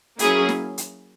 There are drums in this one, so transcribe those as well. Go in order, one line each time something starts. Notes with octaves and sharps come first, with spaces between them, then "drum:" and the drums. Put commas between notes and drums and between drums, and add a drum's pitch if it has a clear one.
F#3 A#3 C#4 E4 G#4, drum: hi-hat
drum: snare
drum: hi-hat